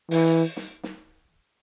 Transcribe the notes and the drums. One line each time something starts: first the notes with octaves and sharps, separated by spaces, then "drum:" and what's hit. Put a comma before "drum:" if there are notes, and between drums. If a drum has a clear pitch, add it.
E3, drum: open hi-hat
drum: snare
drum: snare